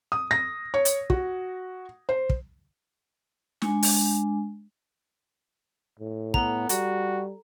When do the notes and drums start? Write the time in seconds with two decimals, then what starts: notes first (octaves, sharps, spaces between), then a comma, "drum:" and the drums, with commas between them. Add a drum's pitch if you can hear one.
0.12 D#6
0.31 A#6
0.74 C#5
0.85 drum: hi-hat
1.10 F#4, drum: kick
2.09 C5
2.30 drum: kick
3.62 G#3 D4 G#5, drum: snare
3.83 drum: open hi-hat
6.00 A2
6.34 B3 A4 A#5, drum: kick
6.69 G3 F#4, drum: hi-hat